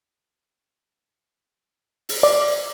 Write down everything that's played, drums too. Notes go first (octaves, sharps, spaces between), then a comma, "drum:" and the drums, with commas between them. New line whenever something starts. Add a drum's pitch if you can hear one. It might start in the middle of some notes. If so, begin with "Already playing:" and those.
drum: open hi-hat
D5